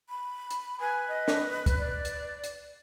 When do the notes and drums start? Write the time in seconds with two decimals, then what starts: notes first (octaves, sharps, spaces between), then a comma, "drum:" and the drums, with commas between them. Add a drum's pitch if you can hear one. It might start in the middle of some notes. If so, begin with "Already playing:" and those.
0.09 B5
0.50 drum: hi-hat
0.80 B4 G#5
1.08 D#5
1.28 drum: snare
1.66 drum: kick, hi-hat
1.78 D5
2.05 drum: hi-hat
2.44 drum: hi-hat